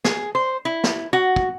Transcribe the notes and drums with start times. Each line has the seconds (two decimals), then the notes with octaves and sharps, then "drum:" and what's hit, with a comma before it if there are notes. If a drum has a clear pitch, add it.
0.04 G#4, drum: snare
0.35 C5
0.65 E4
0.84 drum: snare
1.13 F#4
1.36 drum: kick